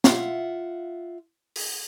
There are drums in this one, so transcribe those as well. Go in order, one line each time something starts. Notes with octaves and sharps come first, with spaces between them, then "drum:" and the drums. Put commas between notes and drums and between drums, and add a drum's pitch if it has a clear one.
F4 E5 F#5, drum: snare
drum: open hi-hat